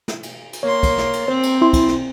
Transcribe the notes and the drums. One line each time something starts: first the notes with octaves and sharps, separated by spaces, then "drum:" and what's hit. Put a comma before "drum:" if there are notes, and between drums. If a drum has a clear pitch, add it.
drum: snare
drum: cymbal
drum: cymbal
A#3 C#5 C6
drum: kick, cymbal
drum: snare
drum: cymbal
C4 C5
drum: cymbal
E4 C6
drum: kick, cymbal
drum: snare